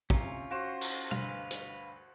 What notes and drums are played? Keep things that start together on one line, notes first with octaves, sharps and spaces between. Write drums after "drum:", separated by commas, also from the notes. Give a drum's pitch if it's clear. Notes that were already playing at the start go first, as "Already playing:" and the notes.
D2 C3 C#4 F4 A#5, drum: kick
F#4 C5 F5 D7 E7
drum: cymbal
D2 G2 B4 F5, drum: tom
drum: hi-hat